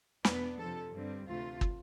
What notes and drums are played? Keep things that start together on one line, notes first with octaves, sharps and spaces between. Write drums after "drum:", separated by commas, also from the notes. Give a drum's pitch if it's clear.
E2 B2 B3 D4 B4, drum: snare
F2 C3 F3 A4
G2 D3 G3 C4
D2 C3 E3 A3 F4
drum: kick